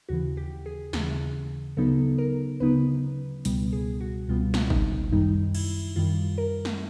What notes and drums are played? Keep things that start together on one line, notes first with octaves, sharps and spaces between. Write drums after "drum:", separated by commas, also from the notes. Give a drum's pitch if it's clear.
D#2 C#3 E3 F#4
G4
G#4
D#2 C#3 E3, drum: snare
D2 C#3 F#3 B3 D#4 A4
A#4
D2 C#3 F#3 B3 D#4 B4
C#2 B2 G3 B3, drum: hi-hat
G#4
F#4
C#2 B2 G3 B3 F4
drum: snare
D#4, drum: kick
F#2 D#3 G3 D#4
E4, drum: cymbal
F#2 D#3 G3 F4
A#4
drum: snare